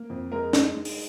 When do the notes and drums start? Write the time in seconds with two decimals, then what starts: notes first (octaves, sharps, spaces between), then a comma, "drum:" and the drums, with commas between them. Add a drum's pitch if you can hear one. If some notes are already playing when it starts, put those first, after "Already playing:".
Already playing: A#3
0.10 F2
0.32 G#3 A#4
0.53 D#4, drum: snare
0.75 G#3
0.85 drum: open hi-hat